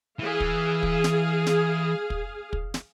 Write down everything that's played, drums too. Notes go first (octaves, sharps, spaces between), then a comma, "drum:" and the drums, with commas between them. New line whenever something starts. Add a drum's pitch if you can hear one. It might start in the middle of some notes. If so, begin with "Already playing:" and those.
E3 G#4 F5
drum: kick
drum: kick
drum: snare
drum: snare
drum: kick
drum: kick
drum: snare